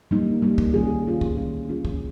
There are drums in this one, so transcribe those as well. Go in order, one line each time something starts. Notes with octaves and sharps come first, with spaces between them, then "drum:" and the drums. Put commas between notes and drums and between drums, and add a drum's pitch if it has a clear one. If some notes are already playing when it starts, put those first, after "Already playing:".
G3 A#3 D#4
G3 A#3 D#4
drum: kick
D#3 G3 C#4 F4 G#4
D#3 G3 C#4 F4 G#4
drum: kick
D#3 G3 C#4 F4 G#4
D#3 G3 C#4 F4 G#4
drum: kick